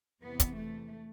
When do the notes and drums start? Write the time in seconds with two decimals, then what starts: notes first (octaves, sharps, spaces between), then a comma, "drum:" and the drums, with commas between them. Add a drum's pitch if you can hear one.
0.22 E2 C3 E3 B3
0.40 drum: kick, hi-hat
0.56 A3